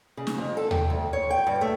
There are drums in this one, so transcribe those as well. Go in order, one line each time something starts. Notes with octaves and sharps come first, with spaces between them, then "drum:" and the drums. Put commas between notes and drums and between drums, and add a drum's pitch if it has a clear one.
C#3
drum: snare
F2
A4
G5, drum: tom D#2
D2
C#5
G5
G2
A3